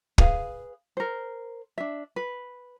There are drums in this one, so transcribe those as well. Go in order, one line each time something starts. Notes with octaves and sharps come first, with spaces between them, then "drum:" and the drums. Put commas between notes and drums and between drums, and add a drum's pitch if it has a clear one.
G#4 B4 F5, drum: kick
A#4 C5
D4 E5
B4